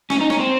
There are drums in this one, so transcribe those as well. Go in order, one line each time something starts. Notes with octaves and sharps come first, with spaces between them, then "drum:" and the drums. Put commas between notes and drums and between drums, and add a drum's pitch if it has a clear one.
C#4, drum: snare
D#4
C#4, drum: snare
C4